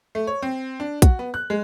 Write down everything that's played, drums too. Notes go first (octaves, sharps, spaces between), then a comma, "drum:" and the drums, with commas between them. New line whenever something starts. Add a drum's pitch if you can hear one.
A3
C#5
C4
D4
F#4, drum: kick A#1, hi-hat
B3
F#6
G#3